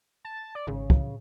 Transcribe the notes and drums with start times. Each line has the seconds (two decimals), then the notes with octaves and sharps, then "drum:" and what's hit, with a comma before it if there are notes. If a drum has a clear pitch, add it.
0.25 A5
0.55 D5
0.67 G#1 C#3
0.90 drum: kick